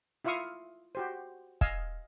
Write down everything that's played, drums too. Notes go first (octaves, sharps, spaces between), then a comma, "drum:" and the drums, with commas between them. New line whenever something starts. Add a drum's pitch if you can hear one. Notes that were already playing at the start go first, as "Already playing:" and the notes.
E4 F4 E5 F5 C#6 D#6
F#4 G4 C5
D#5 F5 G#5 E6, drum: kick